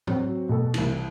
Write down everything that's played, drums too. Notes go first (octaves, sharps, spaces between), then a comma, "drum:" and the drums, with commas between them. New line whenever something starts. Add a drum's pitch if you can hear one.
F#3 C4 F#4, drum: tom
B2 A4
C2 E3, drum: cymbal